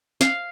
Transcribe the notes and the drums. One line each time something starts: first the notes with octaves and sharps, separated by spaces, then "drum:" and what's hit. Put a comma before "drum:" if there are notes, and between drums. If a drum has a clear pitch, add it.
F5, drum: snare